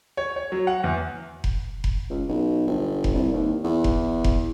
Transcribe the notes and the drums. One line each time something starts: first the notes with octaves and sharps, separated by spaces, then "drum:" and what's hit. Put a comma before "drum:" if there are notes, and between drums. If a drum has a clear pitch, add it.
C#5
C#5
F#3
F#5
E2
drum: kick F1
drum: kick F1
C#2
B1
G1
drum: kick F1
C2
D#2
E2
drum: kick F1
drum: kick F1